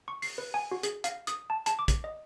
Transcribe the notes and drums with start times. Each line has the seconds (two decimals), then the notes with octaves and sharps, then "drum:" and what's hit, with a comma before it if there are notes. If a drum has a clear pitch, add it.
0.08 C#6
0.22 C7, drum: open hi-hat
0.38 B4
0.54 G#5
0.71 F#4
0.83 G#4, drum: hi-hat
1.04 F5, drum: hi-hat
1.27 D#6, drum: hi-hat
1.50 A5
1.66 A5, drum: hi-hat
1.79 D6
1.88 drum: kick, hi-hat
2.04 D#5